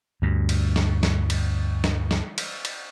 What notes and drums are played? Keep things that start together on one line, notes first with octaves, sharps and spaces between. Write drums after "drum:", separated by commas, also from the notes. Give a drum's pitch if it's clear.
D2 G2
drum: cymbal
drum: snare
drum: snare
drum: cymbal
drum: snare
drum: snare
drum: cymbal
drum: cymbal